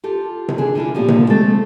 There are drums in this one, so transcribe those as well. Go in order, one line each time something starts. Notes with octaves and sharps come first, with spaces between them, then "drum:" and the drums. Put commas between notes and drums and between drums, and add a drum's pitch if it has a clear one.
F4 G4 A4
drum: tom C3
D4 G#4 A4
D3 E4 F4
A#2 D3 F3 A#3 G4
drum: tom C3
G#3 A3 C4 A4 A6